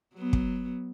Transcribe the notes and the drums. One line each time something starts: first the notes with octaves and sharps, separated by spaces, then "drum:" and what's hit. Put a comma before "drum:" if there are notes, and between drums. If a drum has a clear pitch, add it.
F#3 B3
drum: kick